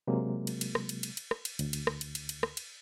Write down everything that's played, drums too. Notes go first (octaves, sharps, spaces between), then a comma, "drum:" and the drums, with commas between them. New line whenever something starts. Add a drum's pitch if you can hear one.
C3 F#3 G#3 A#3
drum: cymbal
drum: cymbal
drum: rim click
drum: cymbal
drum: cymbal
drum: cymbal
drum: rim click
drum: cymbal
D2, drum: cymbal
drum: cymbal
drum: rim click
drum: cymbal
drum: cymbal
drum: cymbal
drum: rim click
drum: cymbal